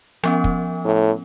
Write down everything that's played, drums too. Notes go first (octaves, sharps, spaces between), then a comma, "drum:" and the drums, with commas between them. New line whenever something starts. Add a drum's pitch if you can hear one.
F3 B3 C#4, drum: rim click
drum: kick
A2